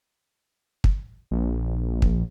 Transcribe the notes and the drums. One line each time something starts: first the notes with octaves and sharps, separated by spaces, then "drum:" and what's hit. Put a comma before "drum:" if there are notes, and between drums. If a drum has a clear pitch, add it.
drum: kick
A#1
drum: kick